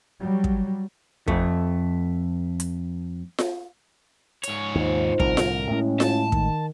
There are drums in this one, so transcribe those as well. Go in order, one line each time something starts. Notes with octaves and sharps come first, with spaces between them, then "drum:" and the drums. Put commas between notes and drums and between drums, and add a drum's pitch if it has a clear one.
F#3 G3
drum: kick
F2 A3, drum: kick
drum: hi-hat
drum: snare F4
G#2 C#5, drum: hi-hat
D#2 D#4 F4 C5
C2 A2 D3 A#4, drum: kick
drum: snare F4
A2 G#3 C#4 E4
A5, drum: snare F4
D#3, drum: kick